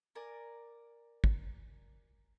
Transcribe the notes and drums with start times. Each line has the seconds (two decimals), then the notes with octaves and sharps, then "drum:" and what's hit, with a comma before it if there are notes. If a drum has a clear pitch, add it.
0.15 A#4 D5 G#5
1.24 drum: kick